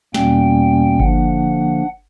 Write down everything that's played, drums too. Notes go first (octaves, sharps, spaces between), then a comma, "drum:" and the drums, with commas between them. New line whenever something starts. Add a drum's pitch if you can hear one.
E2 B2 G3 A#3 C#4 G5, drum: snare
D3 F3 A#3 D4 F#5, drum: kick G1